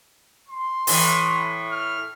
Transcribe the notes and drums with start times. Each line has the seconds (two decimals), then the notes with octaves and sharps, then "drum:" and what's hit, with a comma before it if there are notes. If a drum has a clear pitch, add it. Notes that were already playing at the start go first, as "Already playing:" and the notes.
0.48 C6
0.87 A2 E3, drum: open hi-hat
1.71 F6